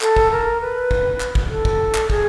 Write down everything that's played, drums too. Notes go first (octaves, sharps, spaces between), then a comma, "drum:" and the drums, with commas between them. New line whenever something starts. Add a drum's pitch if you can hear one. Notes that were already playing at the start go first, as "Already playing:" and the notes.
A4, drum: clap
drum: kick
A#4
B4
drum: kick
drum: clap
drum: kick
A4
drum: kick
drum: clap
G#4, drum: kick